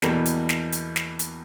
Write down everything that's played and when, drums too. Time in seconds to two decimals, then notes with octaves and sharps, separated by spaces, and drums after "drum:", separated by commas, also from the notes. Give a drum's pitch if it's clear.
0.02 E2 B2 G3 A#3, drum: snare
0.26 drum: hi-hat
0.49 drum: snare
0.72 drum: hi-hat
0.96 drum: snare
1.19 drum: hi-hat